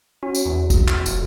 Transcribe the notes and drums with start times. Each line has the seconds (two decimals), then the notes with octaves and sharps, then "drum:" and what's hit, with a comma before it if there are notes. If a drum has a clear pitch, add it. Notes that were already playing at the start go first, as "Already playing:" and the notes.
0.23 C#4 F#4
0.35 drum: tambourine
0.46 E2
0.70 drum: kick, tambourine
0.88 drum: clap
1.06 F1, drum: tambourine